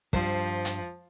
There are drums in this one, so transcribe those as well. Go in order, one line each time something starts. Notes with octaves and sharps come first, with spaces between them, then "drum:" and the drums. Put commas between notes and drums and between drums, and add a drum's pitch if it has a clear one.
G2 F3 C5, drum: kick
drum: hi-hat